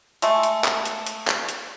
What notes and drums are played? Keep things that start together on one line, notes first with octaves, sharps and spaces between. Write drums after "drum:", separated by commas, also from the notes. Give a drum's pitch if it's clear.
G#3 A3, drum: hi-hat
drum: hi-hat
drum: clap
drum: hi-hat
drum: hi-hat
drum: clap
drum: hi-hat